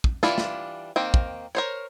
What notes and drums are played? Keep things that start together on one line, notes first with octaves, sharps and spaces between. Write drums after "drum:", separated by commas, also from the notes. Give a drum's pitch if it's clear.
drum: kick
E3 G3 D4 E4 F4, drum: snare
drum: snare
D#3 A#3 C4
drum: kick
A#4 C5 C#5